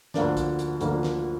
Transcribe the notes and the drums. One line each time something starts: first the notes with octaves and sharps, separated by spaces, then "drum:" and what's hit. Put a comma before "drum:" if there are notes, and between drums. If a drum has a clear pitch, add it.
D2 D3 F3 A#3 D4, drum: snare
drum: kick, hi-hat
drum: hi-hat
D2 D3 F3 A#3 D4, drum: hi-hat
drum: snare